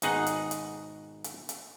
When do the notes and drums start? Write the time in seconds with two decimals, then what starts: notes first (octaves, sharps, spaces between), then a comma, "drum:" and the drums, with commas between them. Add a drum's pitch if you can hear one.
0.02 G#1 B2 D#4 G#4 F#5, drum: hi-hat
0.26 drum: hi-hat
0.51 drum: hi-hat
1.24 drum: hi-hat
1.49 drum: hi-hat